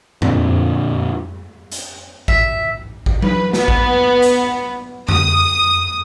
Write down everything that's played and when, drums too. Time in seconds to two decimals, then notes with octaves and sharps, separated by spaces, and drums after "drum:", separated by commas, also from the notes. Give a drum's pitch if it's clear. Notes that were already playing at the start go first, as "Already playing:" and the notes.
0.22 F2 A#2 D3 C4, drum: tom F2
1.72 drum: hi-hat
2.28 E5, drum: kick A1
3.06 drum: kick A1
3.22 B4, drum: tom F#3
3.53 B3, drum: snare
3.68 drum: kick A1
4.22 drum: hi-hat
5.09 D#6, drum: tom F2